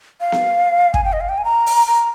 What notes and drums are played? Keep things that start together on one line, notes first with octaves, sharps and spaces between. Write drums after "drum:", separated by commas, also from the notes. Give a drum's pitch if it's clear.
F5
drum: snare B3
G#5, drum: kick
G5
D#5
F5
G5
G#5
A#5
drum: open hi-hat
A#5